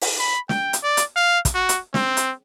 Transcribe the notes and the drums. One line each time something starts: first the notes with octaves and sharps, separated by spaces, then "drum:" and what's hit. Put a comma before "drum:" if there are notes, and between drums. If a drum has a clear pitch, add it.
drum: open hi-hat
B5
G5, drum: snare
drum: hi-hat
D5
drum: hi-hat
F5
drum: kick, hi-hat
F#4
drum: hi-hat
C4, drum: snare
drum: hi-hat